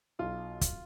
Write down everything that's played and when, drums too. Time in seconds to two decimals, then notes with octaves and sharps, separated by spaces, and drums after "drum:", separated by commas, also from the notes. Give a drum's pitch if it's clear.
0.19 B1 F4
0.61 drum: kick, hi-hat